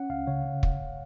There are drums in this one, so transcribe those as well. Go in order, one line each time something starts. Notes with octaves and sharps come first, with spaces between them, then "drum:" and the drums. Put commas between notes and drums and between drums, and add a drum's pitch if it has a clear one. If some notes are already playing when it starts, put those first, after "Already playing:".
Already playing: C#4 F#5
C#2 F5
C#3 C#5
C#3
drum: kick